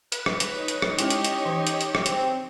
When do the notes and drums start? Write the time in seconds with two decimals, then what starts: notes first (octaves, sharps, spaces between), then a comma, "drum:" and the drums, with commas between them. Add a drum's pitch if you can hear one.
0.12 B4, drum: hi-hat
0.26 drum: rim click
0.40 drum: hi-hat
0.52 D#4 C#5
0.68 drum: hi-hat
0.82 drum: rim click
0.99 G#3 C#4 E4 G4, drum: hi-hat
1.10 drum: hi-hat
1.24 drum: hi-hat
1.45 E3
1.67 drum: hi-hat
1.81 drum: hi-hat
1.95 drum: rim click
2.06 C4, drum: hi-hat